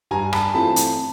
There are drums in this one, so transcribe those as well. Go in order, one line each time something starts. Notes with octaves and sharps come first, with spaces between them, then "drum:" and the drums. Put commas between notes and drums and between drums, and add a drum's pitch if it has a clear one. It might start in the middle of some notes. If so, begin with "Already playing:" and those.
G2 G#5 A#5
A5 B5, drum: rim click
E3 A3 C4 F4 A5 B5
drum: hi-hat